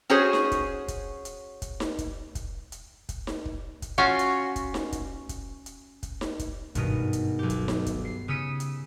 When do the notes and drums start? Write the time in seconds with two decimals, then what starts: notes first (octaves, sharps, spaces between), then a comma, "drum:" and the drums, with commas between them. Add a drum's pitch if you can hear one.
0.10 C#4 F#4 G#4 C5 C#5
0.33 drum: snare D#4
0.52 drum: kick, hi-hat
0.88 drum: kick, hi-hat
1.25 drum: hi-hat
1.62 drum: kick, hi-hat
1.80 drum: snare D#4
1.99 drum: kick, hi-hat
2.35 drum: kick, hi-hat
2.72 drum: hi-hat
3.09 drum: kick, hi-hat
3.27 drum: snare D#4
3.46 drum: kick
3.82 drum: kick, hi-hat
3.98 C#4 F4 F#4
4.19 drum: hi-hat
4.56 drum: kick, hi-hat
4.74 drum: snare D#4
4.92 drum: kick, hi-hat
5.29 drum: kick, hi-hat
5.66 drum: hi-hat
6.03 drum: kick, hi-hat
6.21 drum: snare D#4
6.39 drum: kick, hi-hat
6.75 G#1 G2 B2 D#5, drum: kick, hi-hat
7.13 drum: hi-hat
7.39 B1 G4
7.50 drum: kick, hi-hat
7.68 drum: snare D#4
7.86 drum: kick, hi-hat
8.05 C7
8.28 C#3 D#6 E6 B6 C#7 D#7
8.60 drum: hi-hat